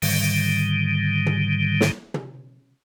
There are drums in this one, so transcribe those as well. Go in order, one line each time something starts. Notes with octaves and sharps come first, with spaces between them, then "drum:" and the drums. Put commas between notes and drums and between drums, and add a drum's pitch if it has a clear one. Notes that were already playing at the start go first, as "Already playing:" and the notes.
G#2 D3 D#3 G3, drum: open hi-hat
drum: tom
drum: snare
drum: tom